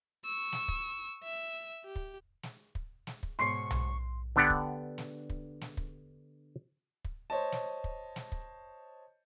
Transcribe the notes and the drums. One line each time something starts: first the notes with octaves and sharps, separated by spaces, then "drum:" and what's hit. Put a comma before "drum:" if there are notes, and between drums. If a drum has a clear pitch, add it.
C#6 E6
drum: snare
drum: kick
E5
G4
drum: kick
drum: snare
drum: kick
drum: snare
drum: kick
G#2 B2 C#5 C6 C#6 C7
drum: tom B1
D3 B3 D4 G4 F#5
drum: kick
drum: snare
drum: kick
drum: snare
drum: kick
drum: kick
C5 C#5 D#5 A5
drum: snare
drum: kick
drum: snare
drum: kick